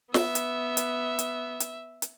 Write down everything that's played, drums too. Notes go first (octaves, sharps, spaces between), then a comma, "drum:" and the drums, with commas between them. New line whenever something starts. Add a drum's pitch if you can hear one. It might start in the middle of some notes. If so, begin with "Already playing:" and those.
B3 E5, drum: snare
drum: hi-hat
drum: hi-hat
drum: hi-hat
drum: hi-hat
drum: hi-hat